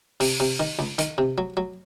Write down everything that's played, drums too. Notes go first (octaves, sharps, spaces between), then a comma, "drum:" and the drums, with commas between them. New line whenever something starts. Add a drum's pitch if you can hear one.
C3, drum: open hi-hat
C3
D#3
C#2
D#3, drum: hi-hat
C3
F#3
F#3